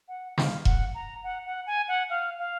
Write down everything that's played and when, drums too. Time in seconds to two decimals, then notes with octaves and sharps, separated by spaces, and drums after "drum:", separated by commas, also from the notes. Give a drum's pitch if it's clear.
0.08 F#5
0.38 F5, drum: snare
0.65 F#5, drum: kick E1
0.94 A#5
1.23 F#5
1.46 F#5
1.67 G#5
1.88 F#5
2.10 F5
2.39 F5